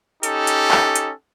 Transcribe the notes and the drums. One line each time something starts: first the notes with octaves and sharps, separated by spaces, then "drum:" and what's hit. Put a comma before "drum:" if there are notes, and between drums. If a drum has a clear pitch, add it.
C#4 D#4 G4 A4, drum: hi-hat
drum: hi-hat
drum: clap
drum: hi-hat